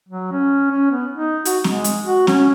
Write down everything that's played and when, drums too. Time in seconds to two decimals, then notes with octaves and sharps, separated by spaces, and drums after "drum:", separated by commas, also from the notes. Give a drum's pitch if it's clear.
0.08 F#3
0.32 C#4
0.71 C#4
0.91 B3
1.12 D#4
1.45 F#4, drum: hi-hat
1.64 G#3, drum: snare C4
1.84 drum: hi-hat
2.05 F#4
2.27 C#4, drum: snare C4